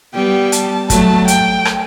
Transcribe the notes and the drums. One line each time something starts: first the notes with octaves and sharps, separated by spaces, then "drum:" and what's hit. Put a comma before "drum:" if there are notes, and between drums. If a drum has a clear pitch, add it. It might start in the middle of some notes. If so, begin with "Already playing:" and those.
G3 B3 G5
A5, drum: hi-hat
F#3 A3 A5, drum: kick, hi-hat
G5, drum: hi-hat
drum: rim click